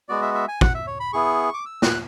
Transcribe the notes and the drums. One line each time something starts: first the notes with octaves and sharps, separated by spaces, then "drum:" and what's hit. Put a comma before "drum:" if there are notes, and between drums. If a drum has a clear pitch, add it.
G#3 B3 F#4 D5
E5
E5
G#5
F#5, drum: kick
E5
C#5
B5
B3 E4 G#4 C#6
D6
E6
F#6, drum: snare